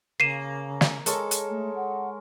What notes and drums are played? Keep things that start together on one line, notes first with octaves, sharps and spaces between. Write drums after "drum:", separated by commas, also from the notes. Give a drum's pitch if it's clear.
C#3 A#3 C7 D#7 E7
drum: snare
G#3 A4 A#4 C#5, drum: hi-hat
drum: hi-hat
A3
F#5